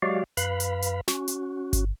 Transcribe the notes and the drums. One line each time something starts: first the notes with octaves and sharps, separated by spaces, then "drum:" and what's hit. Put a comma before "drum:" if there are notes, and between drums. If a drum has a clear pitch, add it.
F#3 G#3 F#4 G4 D5 F5
F#2 B4 F5 B5, drum: hi-hat
drum: hi-hat
drum: hi-hat
C#4 F#4, drum: snare
drum: hi-hat
drum: kick G1, hi-hat